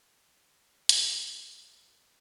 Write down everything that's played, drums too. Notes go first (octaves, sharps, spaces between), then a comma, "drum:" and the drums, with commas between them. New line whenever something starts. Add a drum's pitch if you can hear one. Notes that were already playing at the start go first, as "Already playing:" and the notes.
D#3 G3 F#4, drum: hi-hat